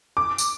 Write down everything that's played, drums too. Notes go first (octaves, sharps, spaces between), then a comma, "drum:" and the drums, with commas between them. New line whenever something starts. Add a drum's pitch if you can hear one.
D6
drum: tambourine